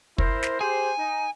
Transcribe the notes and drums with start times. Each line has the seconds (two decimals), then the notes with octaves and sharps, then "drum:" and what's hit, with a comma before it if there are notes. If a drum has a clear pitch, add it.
0.18 E4 A#4 C5, drum: kick
0.43 drum: snare
0.61 G4 G#4 C5 G#5
0.98 D#4